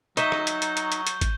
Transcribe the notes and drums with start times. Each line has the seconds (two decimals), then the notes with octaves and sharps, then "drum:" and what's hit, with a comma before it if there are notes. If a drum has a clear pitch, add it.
0.17 F#3 D#4 D#5 E5 C#6 G6 G7, drum: hi-hat
0.32 drum: rim click
0.47 drum: hi-hat
0.62 drum: hi-hat
0.77 drum: hi-hat
0.92 drum: hi-hat
1.07 drum: hi-hat
1.21 drum: kick, hi-hat